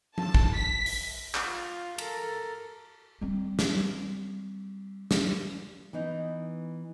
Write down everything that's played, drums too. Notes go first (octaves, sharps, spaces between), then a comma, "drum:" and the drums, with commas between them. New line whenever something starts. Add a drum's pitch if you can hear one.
A5, drum: tom F3
drum: kick G#1
B6
drum: open hi-hat
drum: clap
F4
A4 A#4, drum: cymbal
G3 C4
drum: snare
drum: snare
E3 B3 D#4